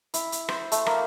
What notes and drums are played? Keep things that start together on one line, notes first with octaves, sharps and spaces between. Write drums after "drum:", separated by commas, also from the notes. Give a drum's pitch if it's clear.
E4, drum: hi-hat
drum: hi-hat
C5, drum: rim click
A3, drum: hi-hat
A#3, drum: rim click